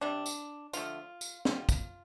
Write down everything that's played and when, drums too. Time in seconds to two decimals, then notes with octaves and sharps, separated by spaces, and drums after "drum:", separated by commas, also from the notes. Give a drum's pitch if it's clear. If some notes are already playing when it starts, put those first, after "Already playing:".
0.01 C3 G3 D4
0.26 drum: tambourine
0.73 D3 F3 A3 F4, drum: tambourine
1.21 drum: tambourine
1.45 D3 G3 F4, drum: snare
1.69 drum: kick, tambourine